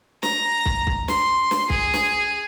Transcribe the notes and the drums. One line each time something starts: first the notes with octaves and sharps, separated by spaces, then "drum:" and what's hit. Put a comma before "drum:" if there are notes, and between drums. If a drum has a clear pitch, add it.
A#5, drum: snare
drum: kick
drum: kick
C6, drum: snare
drum: snare
G#4, drum: kick
drum: snare